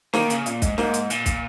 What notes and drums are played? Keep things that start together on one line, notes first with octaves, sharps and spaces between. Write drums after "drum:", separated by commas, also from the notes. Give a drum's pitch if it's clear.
D#3 A#3, drum: snare
C#3, drum: hi-hat
A#2, drum: hi-hat
G#2, drum: kick, hi-hat
G#2 A#3, drum: snare
drum: hi-hat
A#2, drum: hi-hat
drum: kick, hi-hat